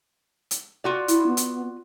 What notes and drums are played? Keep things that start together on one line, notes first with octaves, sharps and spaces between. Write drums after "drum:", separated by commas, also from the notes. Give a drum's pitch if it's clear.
drum: hi-hat
F4 F#4 D5
E4, drum: hi-hat
B3
drum: hi-hat